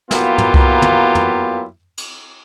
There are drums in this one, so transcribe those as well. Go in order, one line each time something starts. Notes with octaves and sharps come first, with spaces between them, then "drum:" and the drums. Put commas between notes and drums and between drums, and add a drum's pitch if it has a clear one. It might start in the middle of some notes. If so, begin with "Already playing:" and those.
F#3 A#3 B3 E4 F4 G4, drum: snare
drum: tom
drum: kick C2
drum: tom
drum: tom
drum: cymbal